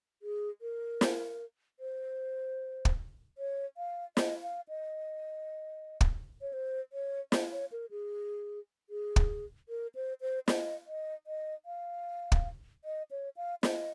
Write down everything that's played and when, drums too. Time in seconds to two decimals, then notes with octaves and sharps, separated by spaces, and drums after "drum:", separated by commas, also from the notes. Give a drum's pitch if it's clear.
0.22 G#4
0.62 A#4
1.01 drum: snare
1.80 C5
2.85 drum: kick
3.38 C#5
3.77 F5
4.17 D#5, drum: snare
4.43 F5
4.69 D#5
6.01 drum: kick
6.41 C#5
6.53 C5
6.93 C#5
7.32 D#5, drum: snare
7.52 C#5
7.72 A#4
7.91 G#4
8.90 G#4
9.16 drum: kick
9.69 A#4
9.95 C5
10.21 C5
10.48 D#5, drum: snare
10.87 D#5
11.27 D#5
11.66 F5
12.32 drum: kick
12.85 D#5
13.11 C#5
13.37 F5
13.63 D#5, drum: snare